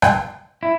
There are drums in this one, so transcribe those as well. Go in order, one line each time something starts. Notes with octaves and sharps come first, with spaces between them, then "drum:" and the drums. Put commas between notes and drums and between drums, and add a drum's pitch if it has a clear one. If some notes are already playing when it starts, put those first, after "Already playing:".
drum: rim click
E4